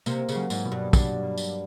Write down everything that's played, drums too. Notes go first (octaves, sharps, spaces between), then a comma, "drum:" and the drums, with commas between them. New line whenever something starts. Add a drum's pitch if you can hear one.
C3 A#3, drum: tambourine
C#3, drum: tambourine
F#3
G#2, drum: tambourine
B2
G2
G2 D4, drum: kick, tambourine
A#3
drum: tambourine